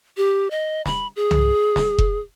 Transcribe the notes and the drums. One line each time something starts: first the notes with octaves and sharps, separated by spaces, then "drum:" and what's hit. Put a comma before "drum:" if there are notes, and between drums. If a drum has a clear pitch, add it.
G4
D#5
B5, drum: snare
G#4
drum: tom C2
drum: snare
drum: kick F1